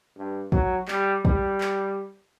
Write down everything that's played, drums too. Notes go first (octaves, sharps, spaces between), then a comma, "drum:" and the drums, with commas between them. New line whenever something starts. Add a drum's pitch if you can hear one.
G2
F#3, drum: kick
G3, drum: clap
G3, drum: kick
drum: clap